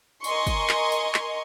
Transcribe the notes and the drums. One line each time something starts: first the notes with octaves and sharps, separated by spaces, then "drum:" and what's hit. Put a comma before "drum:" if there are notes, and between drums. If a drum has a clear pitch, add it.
A#4 D#5 G#5 C6 C#6, drum: tambourine
drum: kick, tambourine
drum: clap
drum: tambourine
drum: clap